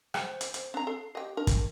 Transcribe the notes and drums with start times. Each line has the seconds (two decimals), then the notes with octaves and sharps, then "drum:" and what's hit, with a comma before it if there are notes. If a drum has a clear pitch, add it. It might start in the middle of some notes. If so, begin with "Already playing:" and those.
0.14 C5, drum: rim click
0.41 drum: hi-hat
0.54 drum: hi-hat
0.74 C4 D4 A#5
0.87 A4 C7
1.15 G4 D#5 G5
1.37 D4 A#4
1.47 drum: kick, hi-hat